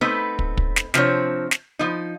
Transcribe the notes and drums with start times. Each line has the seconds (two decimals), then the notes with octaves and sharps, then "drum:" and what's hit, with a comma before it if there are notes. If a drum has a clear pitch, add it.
0.01 A3 B3 C4 D#4 B4
0.39 drum: kick
0.57 drum: kick
0.76 drum: snare
0.94 C3 F3 C4 D4 C#5, drum: snare
1.51 drum: snare
1.79 F3 D#4